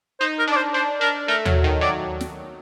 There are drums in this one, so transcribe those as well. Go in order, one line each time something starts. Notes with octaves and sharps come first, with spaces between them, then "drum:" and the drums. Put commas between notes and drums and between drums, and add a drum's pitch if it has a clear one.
D#4 C5
A#4
D4 D5
C5
D4 C5
D4 A#4
A3 A#4
F#3, drum: tom D#2
D#3
F#3 D5
drum: snare